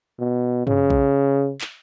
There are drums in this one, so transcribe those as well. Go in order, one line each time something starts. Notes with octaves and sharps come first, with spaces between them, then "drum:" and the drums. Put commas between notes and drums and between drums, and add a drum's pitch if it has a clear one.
B2
C#3, drum: tom
drum: kick B1
drum: clap